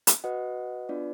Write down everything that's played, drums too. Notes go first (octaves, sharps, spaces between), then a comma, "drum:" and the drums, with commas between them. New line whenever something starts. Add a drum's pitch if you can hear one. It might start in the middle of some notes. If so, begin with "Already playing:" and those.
drum: hi-hat
F#4 B4 D#5 F#5
B3 D4 F4 B4 D5